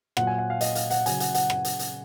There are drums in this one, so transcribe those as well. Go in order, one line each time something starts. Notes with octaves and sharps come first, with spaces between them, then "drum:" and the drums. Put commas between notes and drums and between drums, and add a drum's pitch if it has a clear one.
A#2 F#3 F#5, drum: rim click
G#5
F#5
F5
D#5, drum: hi-hat
F5, drum: hi-hat
F#5, drum: hi-hat
C#3 F#3 G#5, drum: hi-hat
F#5, drum: hi-hat
F#5, drum: hi-hat
drum: rim click
drum: hi-hat
drum: hi-hat